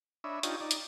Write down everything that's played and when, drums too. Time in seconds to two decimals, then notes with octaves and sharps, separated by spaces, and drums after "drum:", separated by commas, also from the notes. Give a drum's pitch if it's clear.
0.24 D4 C#5 D#5 E5 B5
0.43 D4 D#4 F4 G4 C#5 D#5, drum: hi-hat
0.61 D#4 D5
0.71 drum: hi-hat